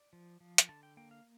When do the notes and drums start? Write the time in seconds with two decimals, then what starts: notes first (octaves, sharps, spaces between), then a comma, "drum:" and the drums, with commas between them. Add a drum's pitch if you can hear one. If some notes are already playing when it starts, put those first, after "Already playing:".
Already playing: D5
0.13 F3
0.40 F3
0.58 drum: hi-hat
0.69 D3 A5
0.83 G5
0.97 A#3 G5
1.11 F5